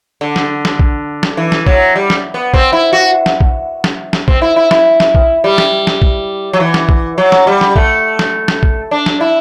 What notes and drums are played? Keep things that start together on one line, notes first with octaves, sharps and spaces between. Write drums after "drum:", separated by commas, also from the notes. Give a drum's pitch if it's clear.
D3
drum: snare
drum: snare
drum: kick
drum: snare
E3
drum: snare
F#3, drum: kick
G3
drum: snare
B3
C4, drum: kick
E4
F#4
drum: snare
drum: kick
drum: snare
drum: snare
C4, drum: kick
E4
E4
E4, drum: snare
drum: snare
drum: kick
G3
drum: snare
drum: snare
drum: kick
F#3
E3
drum: snare
drum: kick
F#3
drum: snare
G3
drum: snare
A3, drum: kick
drum: snare
drum: snare
drum: kick
D4
drum: snare
E4